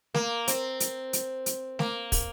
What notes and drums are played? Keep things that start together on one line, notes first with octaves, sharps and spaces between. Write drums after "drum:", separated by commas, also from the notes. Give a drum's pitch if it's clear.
A#3, drum: snare A3
C4, drum: hi-hat
drum: hi-hat
drum: hi-hat
drum: hi-hat
A#3, drum: snare A3
drum: kick, open hi-hat